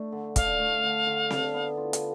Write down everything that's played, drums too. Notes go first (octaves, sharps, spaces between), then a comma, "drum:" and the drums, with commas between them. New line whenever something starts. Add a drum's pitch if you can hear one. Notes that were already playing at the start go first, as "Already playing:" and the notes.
Already playing: A3 D4
D3
D4 F5, drum: kick, hi-hat
A3
D3
D3
D4, drum: snare C4
B3
F4
drum: hi-hat